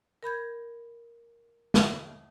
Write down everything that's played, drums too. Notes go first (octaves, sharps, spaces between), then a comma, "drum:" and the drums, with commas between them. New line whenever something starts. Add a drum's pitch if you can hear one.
A#4 B5 G6 G#6
drum: snare